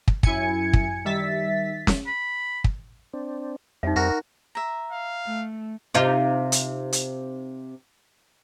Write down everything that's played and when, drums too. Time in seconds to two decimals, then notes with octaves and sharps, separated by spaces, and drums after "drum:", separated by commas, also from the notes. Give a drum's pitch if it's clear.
0.08 drum: kick
0.23 F#2 E4 G#5 G#6 C#7, drum: kick
0.73 drum: kick
1.05 D#3 G3 E5 A6 B6
1.87 drum: snare
2.07 B5
2.64 drum: kick
3.14 C4 D4
3.83 F2 G3 C4 D#4 E5
3.96 F2 F#4 A#4
4.55 E5 A#5
4.92 F5
5.26 A3
5.94 C3 D#4 F4
6.52 drum: hi-hat
6.92 drum: hi-hat